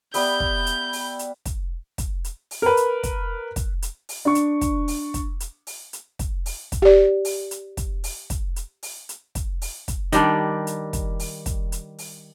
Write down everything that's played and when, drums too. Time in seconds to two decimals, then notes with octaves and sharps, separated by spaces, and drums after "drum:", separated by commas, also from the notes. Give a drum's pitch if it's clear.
0.14 G3 B3 E5 G6, drum: open hi-hat
0.40 drum: kick
0.67 drum: hi-hat
0.93 drum: open hi-hat
1.19 drum: hi-hat
1.45 drum: kick, hi-hat
1.98 drum: kick, hi-hat
2.24 drum: hi-hat
2.51 drum: open hi-hat
2.62 A#4 B4
2.77 drum: hi-hat
3.03 drum: kick, hi-hat
3.56 drum: kick, hi-hat
3.82 drum: hi-hat
4.09 drum: open hi-hat
4.25 D4 C#6
4.35 drum: hi-hat
4.61 drum: kick, hi-hat
4.88 drum: open hi-hat
5.14 drum: kick, hi-hat
5.40 drum: hi-hat
5.67 drum: open hi-hat
5.93 drum: hi-hat
6.19 drum: kick, hi-hat
6.46 drum: open hi-hat
6.72 drum: kick, hi-hat
6.82 G4 D5
7.25 drum: open hi-hat
7.51 drum: hi-hat
7.77 drum: kick, hi-hat
8.04 drum: open hi-hat
8.30 drum: kick, hi-hat
8.56 drum: hi-hat
8.83 drum: open hi-hat
9.09 drum: hi-hat
9.35 drum: kick, hi-hat
9.62 drum: open hi-hat
9.88 drum: kick, hi-hat
10.12 D#3 G3 D4, drum: hi-hat
10.67 drum: hi-hat
10.93 drum: kick, hi-hat
11.19 drum: open hi-hat
11.46 drum: kick, hi-hat
11.72 drum: hi-hat
11.98 drum: open hi-hat